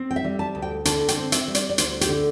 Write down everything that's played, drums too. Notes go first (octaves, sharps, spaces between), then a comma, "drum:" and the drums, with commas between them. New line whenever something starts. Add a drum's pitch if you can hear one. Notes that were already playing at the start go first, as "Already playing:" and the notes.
Already playing: C4
G5
E5
G3
A5
D2
G5
D3 A5, drum: hi-hat
G5, drum: hi-hat
C4
E5, drum: hi-hat
G3
D5, drum: hi-hat
D5
D2 C5, drum: hi-hat
G4, drum: hi-hat
D3